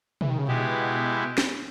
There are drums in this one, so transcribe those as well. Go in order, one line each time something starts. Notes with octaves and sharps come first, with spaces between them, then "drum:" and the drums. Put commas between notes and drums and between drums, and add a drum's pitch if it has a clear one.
E3, drum: tom B2
D#3
C#3
B2 G#3 B3 E4 G4
drum: snare